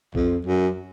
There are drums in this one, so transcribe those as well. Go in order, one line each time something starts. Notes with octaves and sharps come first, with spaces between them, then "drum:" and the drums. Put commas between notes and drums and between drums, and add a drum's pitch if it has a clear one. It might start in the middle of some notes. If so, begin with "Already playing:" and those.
F2, drum: kick A#1
F#2